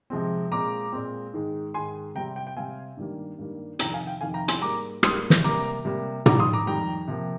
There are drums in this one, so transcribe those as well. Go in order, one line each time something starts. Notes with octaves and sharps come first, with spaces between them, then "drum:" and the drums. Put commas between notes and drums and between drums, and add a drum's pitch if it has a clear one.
C3 F3 G#3 C4
A#2 G#3 C4 A#5 D6
A#2 G#3 C4
G#2 D#3 G#3
G#2 D#3 G#3 G#5 C6
C3 G3 C4 G5 A#5
G5
G5
C3 G3 C4 F5 G#5
G2 D#3 G3 A#3
G2 D#3 G3 A#3
F2 C3 D#3 G5 A#5, drum: hi-hat
F5 G#5
G5
F2 C3 D#3 F5 G#5
G5 A#5
G#5 C6, drum: hi-hat
G#2 G3 A#3 A#5 D6
G#2 G3 A#3 C6 D#6, drum: rim click
drum: snare
C3 G3 A#3 A#5 D6
C3 G3 A#3
F2 D#3 G3 A#5 D6, drum: tom
C6 D#6
A#5 D6
F2 D#3 G3 G5 A#5
C3 F3 A#3